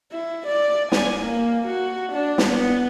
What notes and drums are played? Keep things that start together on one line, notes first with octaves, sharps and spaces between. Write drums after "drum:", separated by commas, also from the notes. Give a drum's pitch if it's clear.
E4
D5
G#5, drum: snare
A#3
F#4
D4
drum: snare
B3